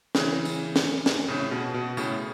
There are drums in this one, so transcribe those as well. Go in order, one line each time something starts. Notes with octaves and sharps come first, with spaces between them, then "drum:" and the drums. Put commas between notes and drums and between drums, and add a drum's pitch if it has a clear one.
C#3 E3, drum: snare
drum: tambourine
drum: snare
drum: snare
A2 C#3
B2
B2
A2 C#3, drum: tambourine